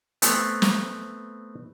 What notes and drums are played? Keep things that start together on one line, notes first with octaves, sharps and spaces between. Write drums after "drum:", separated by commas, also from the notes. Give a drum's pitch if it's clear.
A3 B3 C4, drum: hi-hat
drum: snare